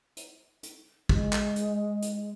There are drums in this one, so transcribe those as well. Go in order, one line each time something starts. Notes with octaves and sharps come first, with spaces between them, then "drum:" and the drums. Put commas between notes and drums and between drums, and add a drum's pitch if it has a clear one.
drum: hi-hat
drum: hi-hat
G#3, drum: kick
drum: clap
drum: hi-hat
drum: hi-hat